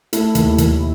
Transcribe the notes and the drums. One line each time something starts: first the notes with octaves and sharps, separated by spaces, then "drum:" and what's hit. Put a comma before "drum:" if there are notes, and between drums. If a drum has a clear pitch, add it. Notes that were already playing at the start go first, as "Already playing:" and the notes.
A3 E4, drum: hi-hat
D#2, drum: hi-hat
D#2, drum: hi-hat